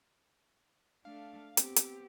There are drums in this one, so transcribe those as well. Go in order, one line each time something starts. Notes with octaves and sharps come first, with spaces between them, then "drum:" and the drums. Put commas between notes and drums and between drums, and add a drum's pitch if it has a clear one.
A3 D4 F5
B3 C4 G4, drum: hi-hat
drum: hi-hat